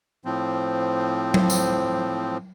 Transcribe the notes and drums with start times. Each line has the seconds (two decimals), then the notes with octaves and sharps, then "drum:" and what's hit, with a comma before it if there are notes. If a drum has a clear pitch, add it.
0.25 A2 F3 C4
1.34 drum: tom F#3
1.50 drum: tambourine